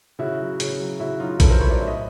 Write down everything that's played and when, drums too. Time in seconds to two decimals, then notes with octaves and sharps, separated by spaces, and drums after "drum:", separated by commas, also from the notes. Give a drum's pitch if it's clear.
0.19 C#3 E4 F#4
0.40 F#3
0.60 C#3, drum: hi-hat
0.80 F#3
1.00 C#3 E4 F#4
1.20 F#3 D#4 F4
1.40 C#3 A4 B4, drum: kick A#1, hi-hat
1.50 A#4 C5
1.60 F#3 B4 C#5
1.70 C5 D5
1.80 A2 E5
1.88 D#5